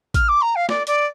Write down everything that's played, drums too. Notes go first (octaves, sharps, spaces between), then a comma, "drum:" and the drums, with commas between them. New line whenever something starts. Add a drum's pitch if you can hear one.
F6, drum: kick A1, hi-hat
D6
A#5
F5
D5, drum: snare
D5, drum: hi-hat